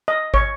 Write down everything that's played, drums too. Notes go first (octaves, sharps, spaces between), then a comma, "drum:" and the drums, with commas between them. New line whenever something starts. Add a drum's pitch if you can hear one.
D#5
C#5, drum: kick